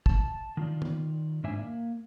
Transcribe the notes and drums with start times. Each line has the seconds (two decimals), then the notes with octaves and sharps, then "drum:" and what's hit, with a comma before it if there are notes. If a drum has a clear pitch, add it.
0.06 A5, drum: kick
0.57 D#3 F4 D5
0.82 drum: tom
1.44 G#2 D4 E5 G#5
1.59 A#3